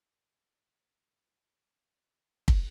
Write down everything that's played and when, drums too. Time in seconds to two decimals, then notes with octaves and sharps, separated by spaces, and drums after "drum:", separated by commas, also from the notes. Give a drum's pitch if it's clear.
0.13 C#6 G6 A6 B6
0.68 D#2 C#4 C5 D#5 F#6 B6
1.19 D6 E6 F#6 G6 C#7
2.48 drum: kick